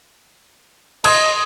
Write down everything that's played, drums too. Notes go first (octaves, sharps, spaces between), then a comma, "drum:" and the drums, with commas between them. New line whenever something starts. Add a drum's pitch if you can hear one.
D#5 C6 D#6 G#6, drum: cymbal